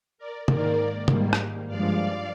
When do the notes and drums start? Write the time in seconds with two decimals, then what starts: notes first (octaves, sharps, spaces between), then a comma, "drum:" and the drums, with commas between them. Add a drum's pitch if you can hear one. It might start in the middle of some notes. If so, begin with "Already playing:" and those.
0.18 A#4 D5
0.48 G#2 D#3 A#3 A#4 D5, drum: tom
1.08 G#2 D#3 G3 A#3, drum: tom
1.33 drum: rim click
1.67 G2 F3 G#3 D5 F5